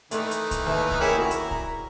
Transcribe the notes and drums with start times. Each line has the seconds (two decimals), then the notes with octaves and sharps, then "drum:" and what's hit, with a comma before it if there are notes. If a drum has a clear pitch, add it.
0.11 D#3 E3 A3 E4, drum: hi-hat
0.31 drum: hi-hat
0.51 drum: kick B1, hi-hat
0.66 D#2 B4 E5
0.91 drum: kick B1
1.00 A#3 C#4 E4 G4 G#4 A#4
1.18 E4 F#4 A#4
1.31 drum: hi-hat
1.51 A#5, drum: kick B1